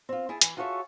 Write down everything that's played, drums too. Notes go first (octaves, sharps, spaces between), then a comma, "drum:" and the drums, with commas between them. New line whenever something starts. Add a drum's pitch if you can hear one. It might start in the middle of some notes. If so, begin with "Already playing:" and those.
C4 F4
E4 G#4 A5
E3, drum: hi-hat
F4 F#4 G#4 A4 C#5 E5